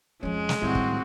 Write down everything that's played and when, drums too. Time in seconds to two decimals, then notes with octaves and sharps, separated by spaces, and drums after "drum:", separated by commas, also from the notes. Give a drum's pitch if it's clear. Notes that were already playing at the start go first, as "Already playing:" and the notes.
0.23 F2 F3 G#3 C#4
0.49 drum: snare
0.62 D#2 A2 D#3 G3 C4 E4 F#4
0.75 drum: kick